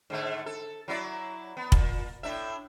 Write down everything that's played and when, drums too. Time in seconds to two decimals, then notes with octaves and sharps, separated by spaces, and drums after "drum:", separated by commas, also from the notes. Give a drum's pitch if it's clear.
0.10 G#2 D3 A3
0.46 A4
0.88 F#3 E4 D5
1.57 B3
1.72 A#2, drum: kick
2.23 A2 D4 E5